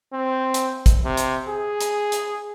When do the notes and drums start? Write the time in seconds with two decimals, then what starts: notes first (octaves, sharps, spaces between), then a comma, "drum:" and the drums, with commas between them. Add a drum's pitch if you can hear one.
0.13 C4
0.54 drum: hi-hat
0.86 drum: kick, hi-hat
1.05 C3
1.17 drum: hi-hat
1.49 G#4
1.81 drum: hi-hat
2.12 drum: hi-hat